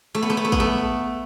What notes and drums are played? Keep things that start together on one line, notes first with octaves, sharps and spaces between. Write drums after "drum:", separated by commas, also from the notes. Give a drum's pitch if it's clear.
A3
B3
A3
B3
A3
B3, drum: kick
A3